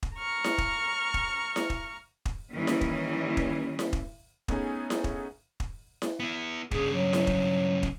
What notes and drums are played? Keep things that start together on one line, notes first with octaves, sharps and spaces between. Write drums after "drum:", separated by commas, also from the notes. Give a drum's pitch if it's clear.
drum: kick
A#5 C#6 F6
drum: snare E4
drum: kick
drum: kick
drum: snare E4
drum: kick
drum: kick
D#3 E3 G3 A#3 C#4
drum: snare E4
drum: kick
drum: kick
drum: snare E4
drum: kick
A3 B3 C#4 D#4 G#4 G#5, drum: kick
drum: snare E4
drum: kick
drum: kick
drum: snare E4
B3 E4
G2 C#3 G#4, drum: kick
F#3
drum: snare E4
drum: kick
drum: kick